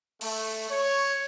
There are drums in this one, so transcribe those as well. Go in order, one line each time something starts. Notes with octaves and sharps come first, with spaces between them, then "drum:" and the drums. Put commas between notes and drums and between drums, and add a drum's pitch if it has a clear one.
A3, drum: open hi-hat
C#5